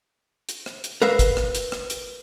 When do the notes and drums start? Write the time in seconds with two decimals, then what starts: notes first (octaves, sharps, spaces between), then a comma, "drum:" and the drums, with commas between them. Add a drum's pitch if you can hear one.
0.49 drum: hi-hat
0.66 drum: rim click
0.84 drum: hi-hat
1.02 A#4 B4 E5 F5
1.19 drum: kick, hi-hat
1.37 drum: rim click
1.55 drum: hi-hat
1.72 drum: rim click
1.90 drum: hi-hat